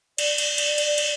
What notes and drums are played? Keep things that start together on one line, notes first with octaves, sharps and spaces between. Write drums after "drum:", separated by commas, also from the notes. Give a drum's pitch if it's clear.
D5, drum: cymbal
drum: cymbal
drum: cymbal
drum: cymbal
drum: cymbal